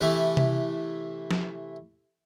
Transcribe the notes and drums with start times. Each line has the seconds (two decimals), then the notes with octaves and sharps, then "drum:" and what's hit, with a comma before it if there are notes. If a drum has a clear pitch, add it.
0.01 C3 E3 A3 E4
0.37 drum: tom C3
1.31 drum: snare